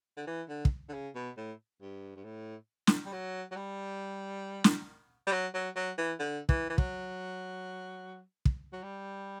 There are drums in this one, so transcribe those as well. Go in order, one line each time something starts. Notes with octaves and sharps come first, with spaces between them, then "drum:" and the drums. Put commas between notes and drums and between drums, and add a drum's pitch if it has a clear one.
D3
E3
D3
drum: kick
D3
C#3
B2
A2
G2
G2
A2
drum: snare
G3
F#3
F#3
G3
drum: snare
G3
F#3
F#3
F#3
E3
D3
E3, drum: kick
E3
F#3, drum: kick
drum: kick
F#3
G3